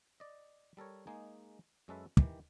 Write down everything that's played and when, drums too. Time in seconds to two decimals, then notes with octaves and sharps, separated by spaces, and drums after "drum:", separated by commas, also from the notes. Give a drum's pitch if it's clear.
0.20 D5 D#5
0.77 G3 A4 A#4 C#5
1.07 G#3 A#3 D#4 G#4
1.88 F#2 G#3 C#4 A4 B4 E5
2.17 D#3 E3 G4, drum: kick